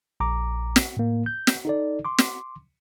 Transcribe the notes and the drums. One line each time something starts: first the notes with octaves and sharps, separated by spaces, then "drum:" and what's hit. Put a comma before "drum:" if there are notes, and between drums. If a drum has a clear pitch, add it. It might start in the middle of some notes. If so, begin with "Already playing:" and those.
A#1 A#5 D6
drum: snare
A2 A#3
G6
drum: snare
D#4 A4 D5
C6 D6
drum: snare